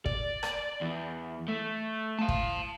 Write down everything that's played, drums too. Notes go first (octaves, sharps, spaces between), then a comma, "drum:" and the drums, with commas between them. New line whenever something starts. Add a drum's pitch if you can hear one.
D5, drum: kick
drum: rim click
E2
A3
F5 A5
drum: kick